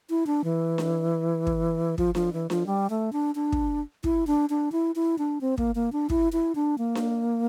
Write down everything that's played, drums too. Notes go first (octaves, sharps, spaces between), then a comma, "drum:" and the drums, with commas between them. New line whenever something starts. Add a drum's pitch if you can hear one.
E4
D4
E3
drum: snare D4
drum: kick
F3, drum: kick
F3, drum: snare D4
E3
F3, drum: snare D4
G3
A3
D4
D4
drum: kick
E4, drum: kick
D4
D4
E4
E4
D4
C4
A#3, drum: kick
A#3
D4
E4, drum: kick
E4
D4
A#3
drum: snare D4